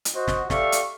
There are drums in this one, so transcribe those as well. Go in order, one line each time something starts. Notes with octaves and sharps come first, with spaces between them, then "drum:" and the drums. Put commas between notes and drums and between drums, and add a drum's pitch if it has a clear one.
drum: hi-hat
F#4 C5 D#5
drum: snare
G4 A4 D5 E5 F5 C#6, drum: snare
drum: hi-hat